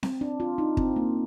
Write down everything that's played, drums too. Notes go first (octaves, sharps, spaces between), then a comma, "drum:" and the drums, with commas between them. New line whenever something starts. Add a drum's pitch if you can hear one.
C4, drum: snare C4
D4
F4
D#4
C4, drum: kick
A#3